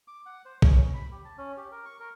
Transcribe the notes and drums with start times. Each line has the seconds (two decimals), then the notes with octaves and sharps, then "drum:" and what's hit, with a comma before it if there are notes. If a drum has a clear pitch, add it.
0.08 D6
0.26 F#5
0.45 C5
0.62 C#4, drum: kick
0.94 B5
1.12 G4
1.25 A5
1.38 C#4
1.57 G4
1.72 A#4
1.85 C#6
2.00 A#4